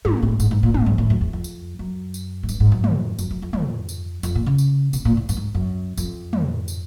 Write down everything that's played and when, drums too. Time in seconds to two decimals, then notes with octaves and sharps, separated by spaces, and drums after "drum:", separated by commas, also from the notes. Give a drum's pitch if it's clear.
0.05 G#2, drum: tom
0.22 A2
0.40 G#2, drum: tambourine
0.51 G#2
0.63 A#2
0.74 A2, drum: tom
0.86 G#2
0.98 A2
1.10 F#2
1.21 E2
1.33 F2
1.44 drum: tambourine
1.79 F#2
2.14 drum: tambourine
2.43 G#2
2.49 G2, drum: tambourine
2.60 G#2
2.72 F#2
2.84 drum: tom
3.19 F#2, drum: tambourine
3.31 F#2
3.42 F2
3.53 F2, drum: tom
3.89 drum: tambourine
4.23 F2, drum: tambourine
4.35 A#2
4.46 C#3
4.58 drum: tambourine
4.93 B2, drum: tambourine
5.05 A#2
5.17 A2
5.29 G2, drum: tambourine
5.37 G#2
5.54 F#2
5.97 F2, drum: tambourine
6.33 drum: tom
6.68 drum: tambourine